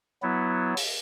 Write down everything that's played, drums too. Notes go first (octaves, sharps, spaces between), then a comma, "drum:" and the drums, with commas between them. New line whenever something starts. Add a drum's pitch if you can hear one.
F#3 B3 E4
drum: open hi-hat